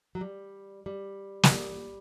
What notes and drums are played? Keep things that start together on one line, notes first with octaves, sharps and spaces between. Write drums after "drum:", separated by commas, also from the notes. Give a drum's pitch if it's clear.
F#3
G3
G3
F#3, drum: snare
G3